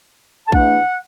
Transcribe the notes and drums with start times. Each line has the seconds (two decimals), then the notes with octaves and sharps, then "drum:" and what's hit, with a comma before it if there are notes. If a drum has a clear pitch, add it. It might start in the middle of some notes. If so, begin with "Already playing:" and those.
0.47 A5
0.52 E2 E3 A3 D4 F#5, drum: kick